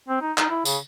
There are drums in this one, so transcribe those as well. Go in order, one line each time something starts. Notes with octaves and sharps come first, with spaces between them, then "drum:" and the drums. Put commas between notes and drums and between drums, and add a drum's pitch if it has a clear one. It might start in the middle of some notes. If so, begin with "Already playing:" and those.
C4
D#4
D#4, drum: clap
E4
C#3, drum: tambourine